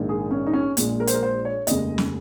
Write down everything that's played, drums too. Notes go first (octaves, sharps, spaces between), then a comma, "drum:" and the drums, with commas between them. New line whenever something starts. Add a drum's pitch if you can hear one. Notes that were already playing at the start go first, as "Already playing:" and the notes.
Already playing: A#1 G#2 D#3 A#3
G#4
C#4
D#4
C#4
A#1 A#2 G#3, drum: hi-hat
A#4
C5, drum: hi-hat
A#4
C5
C#5
F1 D#2 C#3 G#3 D#5, drum: hi-hat
drum: snare